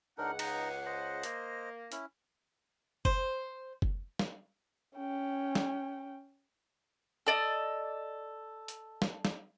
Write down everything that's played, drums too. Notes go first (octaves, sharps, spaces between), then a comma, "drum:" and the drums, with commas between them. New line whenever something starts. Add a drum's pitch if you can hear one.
C#2 D4 D#4 A#4 F#5
D#4 D#5, drum: cymbal
C5 D#5
A#3, drum: hi-hat
C#4 E4, drum: hi-hat
C5, drum: kick F#1
drum: kick F#1
drum: snare
C#4 G5
drum: snare
A4 D5 D#5
drum: hi-hat
drum: snare
drum: snare